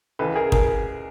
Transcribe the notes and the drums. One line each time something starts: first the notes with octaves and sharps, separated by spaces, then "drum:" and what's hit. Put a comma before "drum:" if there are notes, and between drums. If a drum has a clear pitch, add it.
C#2 C#3 E3 A4 B4
G#4 A#4
G#4 A#4, drum: kick